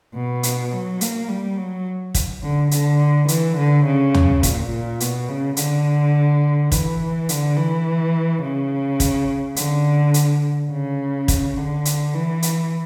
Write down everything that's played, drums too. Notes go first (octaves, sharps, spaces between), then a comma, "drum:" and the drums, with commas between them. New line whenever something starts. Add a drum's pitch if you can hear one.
B2
drum: hi-hat
F#3
A#3, drum: hi-hat
G3
F#3
drum: kick, hi-hat
D3
D3, drum: hi-hat
E3, drum: hi-hat
D3
C#3
drum: tom
A#2, drum: kick, hi-hat
A#2
B2, drum: hi-hat
C#3
D3, drum: hi-hat
E3, drum: kick, hi-hat
D3, drum: hi-hat
E3
C#3
drum: kick, hi-hat
D3, drum: hi-hat
drum: hi-hat
C#3
drum: kick, hi-hat
D3
drum: hi-hat
E3
drum: hi-hat